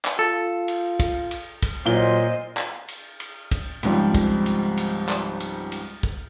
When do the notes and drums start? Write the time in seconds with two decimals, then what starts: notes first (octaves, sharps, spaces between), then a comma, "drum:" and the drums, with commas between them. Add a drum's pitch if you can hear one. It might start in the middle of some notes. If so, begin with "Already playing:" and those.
0.05 drum: clap
0.19 F4 A4
0.68 drum: cymbal
1.00 drum: kick, cymbal
1.31 drum: cymbal
1.63 drum: kick, cymbal
1.85 A#2 F#3 C5 D#5 G7
2.57 drum: clap
2.88 drum: cymbal
3.20 drum: cymbal
3.51 drum: kick, cymbal
3.83 C#2 G#2 F3 G3 C4, drum: cymbal
4.14 drum: kick, cymbal
4.46 drum: cymbal
4.77 drum: cymbal
5.09 drum: clap
5.40 drum: cymbal
5.72 drum: cymbal
6.03 drum: kick